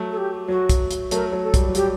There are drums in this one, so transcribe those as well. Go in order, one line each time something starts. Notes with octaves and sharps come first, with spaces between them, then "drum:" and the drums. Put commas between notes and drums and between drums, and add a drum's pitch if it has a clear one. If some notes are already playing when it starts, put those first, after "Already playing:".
Already playing: F#3 A3
A4
G4
F#3 F#4
drum: kick, hi-hat
drum: hi-hat
F#3 A3 A#4, drum: hi-hat
F#3 A3
A4
G3, drum: kick, hi-hat
F#3
G3 G4, drum: hi-hat